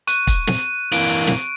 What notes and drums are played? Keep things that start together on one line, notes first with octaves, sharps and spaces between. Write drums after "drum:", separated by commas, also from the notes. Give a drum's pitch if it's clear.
C#6 F#6 D#7, drum: hi-hat
drum: kick, hi-hat
drum: snare
E3 A#3 D7
drum: hi-hat
drum: snare